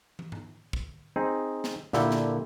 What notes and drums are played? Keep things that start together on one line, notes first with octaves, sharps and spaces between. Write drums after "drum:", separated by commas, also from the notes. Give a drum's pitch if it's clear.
drum: tom
drum: tom G#2
drum: kick
C4 D#4 G#4
drum: snare
A#2 D3 E4 G4 A4, drum: snare
drum: snare